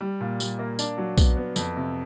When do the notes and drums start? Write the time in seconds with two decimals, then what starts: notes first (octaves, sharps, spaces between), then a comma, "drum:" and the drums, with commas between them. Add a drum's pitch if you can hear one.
0.01 G3
0.21 A#2
0.40 G3, drum: tambourine
0.59 A#3
0.79 D4, drum: tambourine
0.98 F#3
1.18 B3, drum: kick B1, tambourine
1.37 B3
1.56 F2, drum: tambourine
1.77 C3